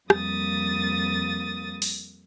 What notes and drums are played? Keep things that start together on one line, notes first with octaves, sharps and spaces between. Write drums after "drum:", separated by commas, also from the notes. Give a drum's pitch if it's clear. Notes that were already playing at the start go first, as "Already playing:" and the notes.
F2 G3 A#3 D#6 A6, drum: rim click
drum: open hi-hat